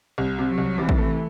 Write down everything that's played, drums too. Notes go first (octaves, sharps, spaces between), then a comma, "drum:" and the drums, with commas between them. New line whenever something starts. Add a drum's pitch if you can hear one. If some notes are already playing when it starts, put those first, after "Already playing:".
C2
C3
F#3
C2
C3 E3
drum: kick
A3